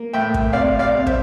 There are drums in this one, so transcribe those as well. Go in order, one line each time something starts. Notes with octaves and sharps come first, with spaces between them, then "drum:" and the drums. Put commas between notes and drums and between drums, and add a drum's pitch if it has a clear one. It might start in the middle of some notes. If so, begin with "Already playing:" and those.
Already playing: A#3
A2 E5 G5
drum: kick
C3 D5 F5
D5 F5
C3
C5 E5, drum: kick